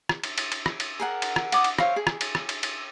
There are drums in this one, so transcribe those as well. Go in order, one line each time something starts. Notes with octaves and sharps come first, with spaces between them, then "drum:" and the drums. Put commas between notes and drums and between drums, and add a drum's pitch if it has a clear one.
drum: rim click
drum: cymbal
drum: cymbal
drum: cymbal
drum: rim click
drum: cymbal
G#4 A#4 F#5
drum: cymbal
drum: rim click
F#5 D6 D#6, drum: cymbal
drum: cymbal
C5 C#5 E5 F5, drum: rim click
G#4
drum: rim click
drum: cymbal
drum: rim click
drum: cymbal
drum: cymbal